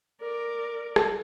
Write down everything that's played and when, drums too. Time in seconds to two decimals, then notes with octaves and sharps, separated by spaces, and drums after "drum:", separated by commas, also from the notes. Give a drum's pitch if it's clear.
0.21 A#4 D5
0.96 drum: rim click